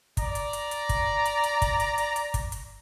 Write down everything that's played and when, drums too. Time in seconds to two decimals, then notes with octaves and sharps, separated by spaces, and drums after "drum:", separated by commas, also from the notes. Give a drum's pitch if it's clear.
0.17 D5 A#5, drum: kick, hi-hat
0.35 drum: hi-hat
0.53 drum: hi-hat
0.71 drum: hi-hat
0.89 drum: kick, hi-hat
1.25 drum: hi-hat
1.44 drum: hi-hat
1.62 drum: kick, hi-hat
1.80 drum: hi-hat
1.98 drum: hi-hat
2.16 drum: hi-hat
2.34 drum: kick, hi-hat
2.52 drum: hi-hat